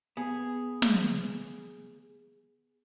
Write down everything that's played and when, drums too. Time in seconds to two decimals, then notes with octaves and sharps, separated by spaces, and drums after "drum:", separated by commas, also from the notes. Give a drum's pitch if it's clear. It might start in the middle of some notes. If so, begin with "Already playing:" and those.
0.17 B3 G#4
0.82 drum: snare